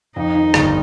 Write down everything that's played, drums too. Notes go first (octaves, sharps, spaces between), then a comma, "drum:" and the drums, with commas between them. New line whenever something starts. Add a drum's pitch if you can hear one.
F2 D#4
D#3
G1, drum: rim click